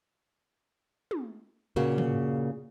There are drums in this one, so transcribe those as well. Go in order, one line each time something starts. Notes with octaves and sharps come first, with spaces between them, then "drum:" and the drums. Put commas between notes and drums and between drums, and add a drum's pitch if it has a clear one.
drum: tom
A#2 C#3 A#3 F#4
drum: tom